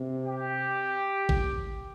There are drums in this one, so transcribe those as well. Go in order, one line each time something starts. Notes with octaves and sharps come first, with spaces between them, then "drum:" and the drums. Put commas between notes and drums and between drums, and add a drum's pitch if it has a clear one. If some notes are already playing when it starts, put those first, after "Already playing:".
Already playing: C3
G4
drum: kick G#1